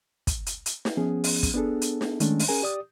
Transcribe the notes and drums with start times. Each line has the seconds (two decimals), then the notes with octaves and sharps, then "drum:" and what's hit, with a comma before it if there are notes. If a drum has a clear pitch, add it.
0.27 drum: kick, hi-hat
0.46 drum: hi-hat
0.66 drum: hi-hat
0.85 drum: snare
0.97 F3 B3 C#4 G#4
1.24 drum: open hi-hat
1.43 drum: kick, hi-hat
1.54 B3 D4 G#4 A4
1.82 drum: hi-hat
2.01 drum: snare
2.20 D#3 G#3 A3 C#4 D4, drum: hi-hat
2.39 drum: open hi-hat
2.48 C#4 G#4 A#4 G#5
2.62 G4 D5 D#6